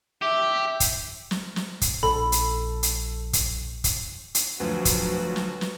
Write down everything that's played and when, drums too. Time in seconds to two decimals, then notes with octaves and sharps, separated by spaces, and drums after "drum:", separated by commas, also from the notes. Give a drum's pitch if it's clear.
0.22 G4 E5
0.80 drum: kick, hi-hat
1.31 drum: snare
1.56 drum: snare
1.81 drum: kick, hi-hat
2.03 A#1 A4 B5
2.32 drum: hi-hat
2.83 drum: hi-hat
3.33 drum: kick, hi-hat
3.84 drum: kick, hi-hat
4.35 drum: hi-hat
4.60 D2 F3 F#3 F#4 B4
4.85 drum: kick, hi-hat
5.36 drum: snare
5.61 drum: snare